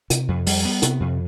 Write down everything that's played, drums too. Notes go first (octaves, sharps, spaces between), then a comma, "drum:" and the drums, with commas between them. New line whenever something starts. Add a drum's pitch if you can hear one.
C3, drum: hi-hat
F2
G3, drum: open hi-hat
B3
C3, drum: hi-hat
F2